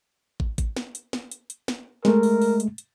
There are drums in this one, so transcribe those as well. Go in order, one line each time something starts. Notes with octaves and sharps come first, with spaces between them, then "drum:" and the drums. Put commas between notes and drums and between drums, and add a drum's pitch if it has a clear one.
drum: kick
drum: kick, hi-hat
drum: snare
drum: hi-hat
drum: snare
drum: hi-hat
drum: hi-hat
drum: snare
G#3 A3 A#4, drum: snare
drum: open hi-hat
drum: open hi-hat
drum: hi-hat
drum: hi-hat